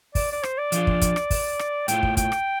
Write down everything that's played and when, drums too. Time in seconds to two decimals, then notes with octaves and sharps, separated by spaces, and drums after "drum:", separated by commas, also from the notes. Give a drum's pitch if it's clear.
0.15 D5, drum: kick, open hi-hat
0.32 D5
0.43 C5, drum: rim click
0.58 D5
0.72 F3 D4 F4, drum: hi-hat
0.87 drum: kick
1.02 drum: kick, hi-hat
1.16 drum: rim click
1.30 drum: kick, open hi-hat
1.59 drum: rim click
1.88 A2 A3 F4 G5, drum: hi-hat
2.03 drum: kick
2.17 G5, drum: kick, hi-hat
2.32 drum: rim click